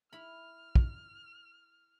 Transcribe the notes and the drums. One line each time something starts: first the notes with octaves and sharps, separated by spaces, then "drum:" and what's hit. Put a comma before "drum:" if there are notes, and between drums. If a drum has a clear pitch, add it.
E4 B5 F6
drum: kick